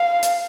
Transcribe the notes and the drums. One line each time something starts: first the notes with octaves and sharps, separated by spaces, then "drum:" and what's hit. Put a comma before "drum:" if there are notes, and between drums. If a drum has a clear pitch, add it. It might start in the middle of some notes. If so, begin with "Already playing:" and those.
Already playing: F5
drum: hi-hat